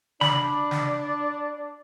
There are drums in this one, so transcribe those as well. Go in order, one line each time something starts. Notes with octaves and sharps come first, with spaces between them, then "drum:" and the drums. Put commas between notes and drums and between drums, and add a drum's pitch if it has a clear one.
D4 D5 B5, drum: snare
drum: snare